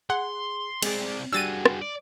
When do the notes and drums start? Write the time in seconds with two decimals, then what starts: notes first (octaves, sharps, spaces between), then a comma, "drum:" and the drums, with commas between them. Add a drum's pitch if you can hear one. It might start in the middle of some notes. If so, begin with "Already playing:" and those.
0.10 G#4 F#5 C6
0.82 C3 G#3 G#4 D5, drum: cymbal
1.33 G3 D4 F#4 G#4 E6 A6 D#7
1.65 drum: rim click
1.81 D5